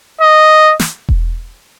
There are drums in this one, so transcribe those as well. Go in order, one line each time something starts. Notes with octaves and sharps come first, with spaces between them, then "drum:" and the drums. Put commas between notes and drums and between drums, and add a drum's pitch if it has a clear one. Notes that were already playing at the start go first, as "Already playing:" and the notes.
D#5
drum: snare
drum: kick E1